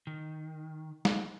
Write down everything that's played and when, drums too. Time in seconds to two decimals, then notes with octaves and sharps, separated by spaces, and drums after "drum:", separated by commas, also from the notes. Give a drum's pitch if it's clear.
0.07 D#3
1.05 drum: snare